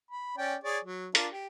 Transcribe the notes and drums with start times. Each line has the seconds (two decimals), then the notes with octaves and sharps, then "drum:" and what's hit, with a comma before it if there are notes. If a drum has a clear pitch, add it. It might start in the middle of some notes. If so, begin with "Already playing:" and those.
0.11 B5
0.38 C#4 D5 G5
0.63 G#4 C#5 D5
0.84 F#3
1.15 D4 F4 A#4, drum: hi-hat
1.32 G4